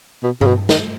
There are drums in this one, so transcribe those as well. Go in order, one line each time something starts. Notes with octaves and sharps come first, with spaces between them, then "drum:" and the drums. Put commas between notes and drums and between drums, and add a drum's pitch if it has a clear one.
B2
C#3, drum: tom G2
B2
D#3, drum: snare